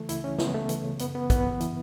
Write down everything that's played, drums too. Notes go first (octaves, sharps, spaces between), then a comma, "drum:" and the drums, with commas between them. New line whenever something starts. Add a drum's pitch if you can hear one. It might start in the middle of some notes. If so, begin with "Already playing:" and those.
Already playing: C#3 E3 A3
C#2 E4, drum: hi-hat
E3 C#4
C#3 B3, drum: snare
C#2 A3
E3, drum: hi-hat
C#3
F#2 B3, drum: hi-hat
E3 B3
E3 B3, drum: kick, hi-hat
F#2
E3, drum: hi-hat